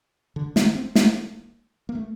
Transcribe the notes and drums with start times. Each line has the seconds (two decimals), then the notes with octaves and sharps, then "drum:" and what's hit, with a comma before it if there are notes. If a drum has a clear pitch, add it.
0.36 D3
0.56 D#3, drum: snare
0.75 C4
0.95 A#3, drum: snare
1.89 A#3
1.95 A3